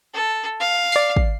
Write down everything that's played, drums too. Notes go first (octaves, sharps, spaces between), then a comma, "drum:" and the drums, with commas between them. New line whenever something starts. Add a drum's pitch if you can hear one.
A4
F5
D5 C7, drum: open hi-hat
drum: kick